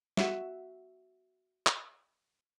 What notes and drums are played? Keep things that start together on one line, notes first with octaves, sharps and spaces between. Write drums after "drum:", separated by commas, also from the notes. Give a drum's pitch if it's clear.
F#4 E5, drum: snare
drum: clap